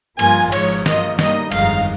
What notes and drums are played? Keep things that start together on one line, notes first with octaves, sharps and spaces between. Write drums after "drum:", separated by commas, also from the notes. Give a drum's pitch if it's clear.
G2 F3 A#3 F4 G#5, drum: cymbal
G#1 G#2 F3 C#5, drum: cymbal
G2 F3 A#3 F4 D#5, drum: snare
G2 G3 A#3 D#4 D#5, drum: snare
G1 F2 D#3 G#3 D#4 F5, drum: cymbal